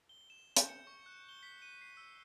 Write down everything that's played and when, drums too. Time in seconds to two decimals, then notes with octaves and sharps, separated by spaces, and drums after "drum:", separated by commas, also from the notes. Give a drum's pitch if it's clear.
0.09 G7
0.30 E7
0.56 G6, drum: hi-hat
0.69 C#7
0.87 C#6
1.06 F#6
1.29 G7
1.43 B6
1.62 D#7
1.82 C7
1.97 E6